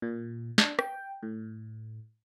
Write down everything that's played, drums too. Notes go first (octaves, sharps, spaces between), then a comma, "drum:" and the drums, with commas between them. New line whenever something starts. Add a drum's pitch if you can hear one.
A#2
D4, drum: snare
G5, drum: rim click
A2